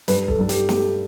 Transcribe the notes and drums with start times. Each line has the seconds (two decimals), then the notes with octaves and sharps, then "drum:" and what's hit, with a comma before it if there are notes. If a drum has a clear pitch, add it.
0.08 G2 B4, drum: hi-hat
0.28 A4, drum: kick
0.39 G2 A4
0.49 G4, drum: hi-hat
0.69 A3 G4, drum: snare